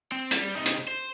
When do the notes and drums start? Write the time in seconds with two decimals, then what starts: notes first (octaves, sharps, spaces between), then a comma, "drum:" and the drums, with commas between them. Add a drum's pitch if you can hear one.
0.12 C4 G5
0.31 G3, drum: hi-hat
0.56 C3 D#4
0.66 drum: hi-hat
0.88 C5